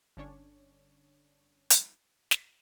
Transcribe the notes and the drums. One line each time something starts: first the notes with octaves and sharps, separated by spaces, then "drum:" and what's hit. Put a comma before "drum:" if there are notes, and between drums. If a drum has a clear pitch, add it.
G1 D3 C#4 D4 C#5
drum: hi-hat
drum: snare